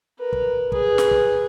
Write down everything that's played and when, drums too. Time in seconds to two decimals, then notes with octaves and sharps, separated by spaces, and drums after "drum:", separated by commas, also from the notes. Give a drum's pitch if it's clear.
0.19 A#4 B4
0.33 drum: kick
0.72 G#4 B4, drum: kick
0.98 drum: snare
1.11 drum: kick